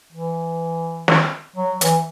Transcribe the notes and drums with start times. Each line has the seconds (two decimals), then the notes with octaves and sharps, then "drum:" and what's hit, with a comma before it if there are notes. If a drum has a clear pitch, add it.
0.13 E3
1.08 drum: snare
1.56 F#3
1.81 E3, drum: hi-hat